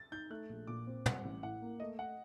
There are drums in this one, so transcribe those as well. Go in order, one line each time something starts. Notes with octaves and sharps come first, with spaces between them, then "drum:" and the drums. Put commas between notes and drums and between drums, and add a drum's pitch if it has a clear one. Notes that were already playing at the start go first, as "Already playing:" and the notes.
Already playing: A6
D#4 G6
A3 F#6
A#1
A#2 D6
C4
G3 F#5, drum: tom
A1
A2 F#5
A#3
A3 D#5
F#5